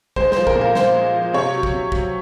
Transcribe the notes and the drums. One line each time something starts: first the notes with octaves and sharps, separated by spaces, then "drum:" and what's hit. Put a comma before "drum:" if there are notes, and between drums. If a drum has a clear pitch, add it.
G#3 C5, drum: kick
C5, drum: snare
F3
A#4, drum: kick
A#2
A#4
A#2 C5, drum: snare
G#3
F3
C3 C#5
F#3
drum: kick
C3
F#3, drum: kick